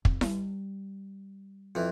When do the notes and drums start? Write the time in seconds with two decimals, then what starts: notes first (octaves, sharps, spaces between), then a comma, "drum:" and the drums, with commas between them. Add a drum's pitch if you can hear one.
0.05 F2, drum: kick
0.21 G3, drum: snare E4
1.75 F2 E3